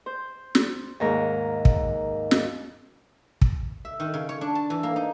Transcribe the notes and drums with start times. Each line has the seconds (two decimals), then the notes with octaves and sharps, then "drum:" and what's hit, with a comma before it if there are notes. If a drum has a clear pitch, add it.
0.06 C5
0.55 drum: snare
1.00 D#2 G#2 A#4
1.65 drum: kick
2.31 drum: snare
3.42 drum: kick
3.85 E5
4.00 D#3
4.14 C#3
4.29 C#5
4.41 D4
4.55 A5
4.70 E3
4.83 A#3
4.96 D#4